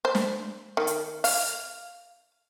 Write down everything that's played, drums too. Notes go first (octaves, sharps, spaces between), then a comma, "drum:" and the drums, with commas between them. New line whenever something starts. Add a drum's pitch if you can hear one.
C5
drum: snare
D#3
drum: hi-hat
F5, drum: open hi-hat